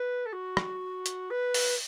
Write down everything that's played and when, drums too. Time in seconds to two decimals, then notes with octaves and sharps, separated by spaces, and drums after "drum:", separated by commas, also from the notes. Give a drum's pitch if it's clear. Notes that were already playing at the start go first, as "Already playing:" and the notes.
Already playing: B4
0.26 A4
0.33 F#4
0.57 drum: rim click
1.06 drum: hi-hat
1.30 B4
1.54 drum: open hi-hat